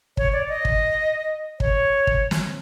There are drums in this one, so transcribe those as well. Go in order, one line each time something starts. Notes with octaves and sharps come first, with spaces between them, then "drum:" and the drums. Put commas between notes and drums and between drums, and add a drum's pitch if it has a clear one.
C#5, drum: kick
D5
D#5
drum: kick
C#5, drum: kick
drum: kick
drum: snare